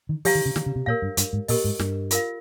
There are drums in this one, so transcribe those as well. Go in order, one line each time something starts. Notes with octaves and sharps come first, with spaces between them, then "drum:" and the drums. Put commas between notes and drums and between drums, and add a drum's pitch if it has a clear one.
D#3
F3 G4 C#5 F5 A#5, drum: open hi-hat
D#3
C#3
D#3, drum: snare
C#3
C3
A#2 A#4 C#5 F5
G2
G2, drum: hi-hat
G#2
A#2 G4 A#4 D#5, drum: open hi-hat
G#2
G2, drum: snare
F4 A#4 F5, drum: hi-hat